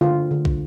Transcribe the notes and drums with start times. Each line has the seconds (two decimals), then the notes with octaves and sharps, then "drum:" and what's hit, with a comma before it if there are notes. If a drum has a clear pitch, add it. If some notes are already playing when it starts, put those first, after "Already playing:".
0.01 D3 F4
0.31 D3
0.45 drum: kick